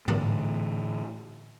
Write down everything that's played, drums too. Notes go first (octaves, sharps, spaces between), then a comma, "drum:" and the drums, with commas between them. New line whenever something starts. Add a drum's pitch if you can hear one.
A2 D3 E3 A3, drum: tom G#2